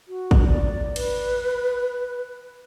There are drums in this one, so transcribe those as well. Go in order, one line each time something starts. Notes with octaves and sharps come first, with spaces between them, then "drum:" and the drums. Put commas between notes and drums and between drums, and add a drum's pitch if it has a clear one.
F#4
drum: kick
D5
B4, drum: cymbal